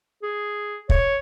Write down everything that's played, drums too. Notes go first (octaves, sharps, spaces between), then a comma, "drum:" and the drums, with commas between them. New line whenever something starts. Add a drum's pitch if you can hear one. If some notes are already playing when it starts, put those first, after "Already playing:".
G#4
C#5, drum: kick